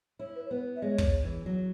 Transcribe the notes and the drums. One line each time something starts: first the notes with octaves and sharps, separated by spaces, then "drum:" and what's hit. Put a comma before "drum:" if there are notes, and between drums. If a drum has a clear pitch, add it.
E4 C#5
B4
C#5
B3 B4
E5
G#3 C#5
drum: kick
E3
F#3